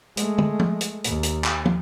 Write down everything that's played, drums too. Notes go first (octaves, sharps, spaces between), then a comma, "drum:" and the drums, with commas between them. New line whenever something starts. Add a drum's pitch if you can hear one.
G#3 A3, drum: hi-hat
drum: tom
drum: tom
drum: hi-hat
D#2, drum: hi-hat
drum: hi-hat
drum: clap
drum: tom